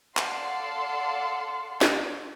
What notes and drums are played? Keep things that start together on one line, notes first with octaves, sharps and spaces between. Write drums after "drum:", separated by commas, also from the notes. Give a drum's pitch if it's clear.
A4 D5 F5 F#5 C6, drum: clap
drum: snare